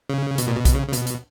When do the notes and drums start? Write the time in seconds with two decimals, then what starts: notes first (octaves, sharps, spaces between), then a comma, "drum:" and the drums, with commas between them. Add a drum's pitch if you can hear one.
0.09 C#3
0.38 B2, drum: hi-hat
0.48 A#2
0.56 B2
0.65 drum: kick B1, hi-hat
0.75 C#3
0.88 C#3
0.93 B2, drum: hi-hat
1.07 drum: hi-hat